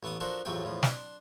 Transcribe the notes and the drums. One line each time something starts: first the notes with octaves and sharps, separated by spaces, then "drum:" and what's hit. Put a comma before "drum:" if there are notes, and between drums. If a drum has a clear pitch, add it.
A1 A3 B3 A5 D#6
F3 D4 F#4 A4 A#4 C5
A1 F2 F#3 A3 G#4 G5
E2 A2 F3
D4 C6, drum: snare